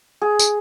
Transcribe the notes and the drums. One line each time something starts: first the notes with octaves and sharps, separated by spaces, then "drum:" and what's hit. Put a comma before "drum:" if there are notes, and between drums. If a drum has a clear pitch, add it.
G#4
drum: tambourine